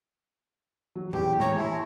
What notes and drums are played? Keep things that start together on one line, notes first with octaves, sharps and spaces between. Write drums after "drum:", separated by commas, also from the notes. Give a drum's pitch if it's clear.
F#3
E2 G4, drum: tom A2
G#2 C#5 A#5, drum: snare
E4 G#5 A5 C6
G#5